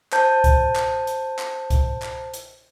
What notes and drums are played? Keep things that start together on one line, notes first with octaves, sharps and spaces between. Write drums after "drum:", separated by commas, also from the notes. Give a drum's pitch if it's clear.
C5 A5 G6, drum: clap
drum: kick C2, hi-hat
drum: clap
drum: hi-hat
drum: clap
drum: kick C2, hi-hat
drum: clap
drum: hi-hat